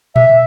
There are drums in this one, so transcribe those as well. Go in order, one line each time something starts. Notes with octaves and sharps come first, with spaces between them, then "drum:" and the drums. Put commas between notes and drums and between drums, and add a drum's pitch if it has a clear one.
E5, drum: tom A#2